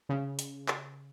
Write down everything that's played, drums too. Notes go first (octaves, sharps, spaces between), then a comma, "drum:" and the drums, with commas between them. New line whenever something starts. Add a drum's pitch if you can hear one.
C#3
drum: hi-hat
drum: clap